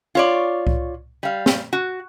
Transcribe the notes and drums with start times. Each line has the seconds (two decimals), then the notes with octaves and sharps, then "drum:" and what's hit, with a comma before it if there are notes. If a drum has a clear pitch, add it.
0.15 F4 C#5 D5
0.67 drum: kick C2
1.23 G3 F5
1.46 drum: snare
1.73 F#4